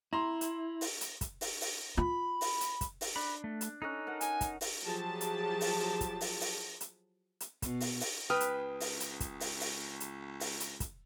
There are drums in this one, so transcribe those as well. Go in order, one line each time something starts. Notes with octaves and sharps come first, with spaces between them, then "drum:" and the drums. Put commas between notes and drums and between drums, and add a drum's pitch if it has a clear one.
E4 A#5 C6
drum: hi-hat
drum: open hi-hat
drum: hi-hat
drum: kick, hi-hat
drum: open hi-hat
drum: open hi-hat
F4 B5
drum: open hi-hat
drum: hi-hat
drum: kick, hi-hat
drum: open hi-hat
D4 B5
A3
drum: hi-hat
C#4 D#4 A4 D#5 F#6
A#4 F#5 A5
G#5, drum: hi-hat
drum: kick, hi-hat
drum: open hi-hat
F3 F#3 G4 G#4 A5
drum: hi-hat
drum: open hi-hat
drum: kick, hi-hat
drum: open hi-hat
drum: open hi-hat
drum: hi-hat
drum: hi-hat
B2, drum: kick, hi-hat
drum: open hi-hat
drum: open hi-hat
C#2 B4 G5 D#6 F6
drum: hi-hat
drum: open hi-hat
drum: hi-hat
drum: kick, hi-hat
drum: open hi-hat
drum: open hi-hat
drum: hi-hat
drum: open hi-hat
drum: hi-hat
drum: kick, hi-hat